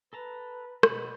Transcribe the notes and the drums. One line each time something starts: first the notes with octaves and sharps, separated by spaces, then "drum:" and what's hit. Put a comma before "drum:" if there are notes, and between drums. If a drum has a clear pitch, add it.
A4 B4 A5 A#5
B2 B5, drum: rim click